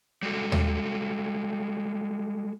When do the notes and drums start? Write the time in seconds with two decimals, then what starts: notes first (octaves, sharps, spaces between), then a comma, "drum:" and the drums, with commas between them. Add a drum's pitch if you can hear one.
0.23 G3 G#3 F#4 A4
0.52 drum: tom D#2